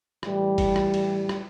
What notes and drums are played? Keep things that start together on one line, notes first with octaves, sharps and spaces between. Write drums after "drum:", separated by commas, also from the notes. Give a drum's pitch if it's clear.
A2 E3 G3, drum: rim click
drum: kick G1, cymbal
drum: rim click
drum: cymbal
drum: rim click